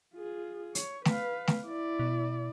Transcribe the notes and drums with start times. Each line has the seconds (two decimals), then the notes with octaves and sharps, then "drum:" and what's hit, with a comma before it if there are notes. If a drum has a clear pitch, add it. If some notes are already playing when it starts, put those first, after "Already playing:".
0.14 F4 G#4
0.75 C#5, drum: hi-hat
1.05 B4 F5, drum: snare A3
1.47 drum: snare A3
1.66 E4 D5
1.99 B2